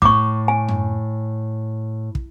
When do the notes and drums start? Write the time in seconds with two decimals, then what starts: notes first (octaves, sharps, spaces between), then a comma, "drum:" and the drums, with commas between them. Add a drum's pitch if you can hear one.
0.02 A2 C#6 D6, drum: kick
0.48 G#5
0.68 drum: tom F#2
2.15 drum: kick